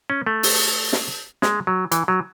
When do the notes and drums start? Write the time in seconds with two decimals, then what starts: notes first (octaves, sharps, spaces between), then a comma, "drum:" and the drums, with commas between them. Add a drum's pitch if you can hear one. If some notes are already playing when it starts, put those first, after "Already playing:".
0.10 C#4
0.26 A3
0.43 drum: open hi-hat
0.93 drum: snare
1.42 G#3, drum: snare
1.67 F#3
1.92 E3, drum: hi-hat
2.08 F#3